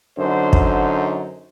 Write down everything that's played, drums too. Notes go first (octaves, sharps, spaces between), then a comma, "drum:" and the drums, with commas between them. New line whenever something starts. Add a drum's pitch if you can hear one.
F#2 D3 D#4 C5
drum: kick